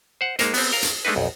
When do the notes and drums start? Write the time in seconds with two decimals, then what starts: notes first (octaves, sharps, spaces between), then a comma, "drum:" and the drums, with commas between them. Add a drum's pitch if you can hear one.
0.21 C5 F#5
0.39 G#3 A#3 D#4 A#4 C5, drum: hi-hat
0.54 B3 C4, drum: open hi-hat
0.72 A#4 F5 A#5
0.83 drum: hi-hat
1.05 G#3 A3 D4 D#4 B4
1.16 B1 F2